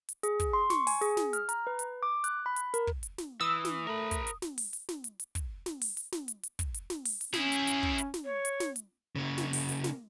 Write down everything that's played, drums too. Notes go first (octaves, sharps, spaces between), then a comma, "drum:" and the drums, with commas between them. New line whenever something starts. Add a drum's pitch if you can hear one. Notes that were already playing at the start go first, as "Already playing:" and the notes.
drum: hi-hat
G#4, drum: hi-hat
drum: kick, hi-hat
C6
C#6, drum: snare
G#5, drum: open hi-hat
G#4, drum: hi-hat
drum: snare
F6, drum: hi-hat
A#5, drum: hi-hat
B4
drum: hi-hat
D6
F#6, drum: hi-hat
B5
drum: hi-hat
A#4, drum: hi-hat
drum: kick
drum: hi-hat
drum: snare
E3 D#6 E6
drum: snare
A3 A#4 B5
drum: kick, hi-hat
drum: hi-hat
drum: snare
drum: open hi-hat
drum: hi-hat
drum: snare
drum: hi-hat
drum: hi-hat
drum: kick, hi-hat
drum: snare
drum: open hi-hat
drum: hi-hat
drum: snare
drum: hi-hat
drum: hi-hat
drum: kick, hi-hat
drum: hi-hat
drum: snare
drum: open hi-hat
drum: hi-hat
C#4 E4 G#4, drum: snare
drum: hi-hat
drum: hi-hat
drum: kick
drum: hi-hat
drum: snare
C#5
drum: hi-hat
drum: snare
drum: hi-hat
C#3 A#3
drum: snare
drum: open hi-hat
drum: hi-hat
drum: snare